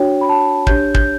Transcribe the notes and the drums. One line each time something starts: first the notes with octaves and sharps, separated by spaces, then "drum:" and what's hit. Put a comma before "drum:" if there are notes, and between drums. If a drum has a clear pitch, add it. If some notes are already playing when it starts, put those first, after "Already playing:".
Already playing: D4 F#4 C#5 G5
B5
A5
D4 G4 C#5 G6, drum: kick
G6, drum: kick